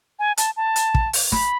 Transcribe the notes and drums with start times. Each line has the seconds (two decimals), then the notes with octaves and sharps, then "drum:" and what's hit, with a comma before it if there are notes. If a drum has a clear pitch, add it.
0.19 G#5
0.37 A5, drum: hi-hat
0.57 A5
0.76 drum: hi-hat
0.94 drum: kick
1.13 drum: open hi-hat
1.32 B5, drum: snare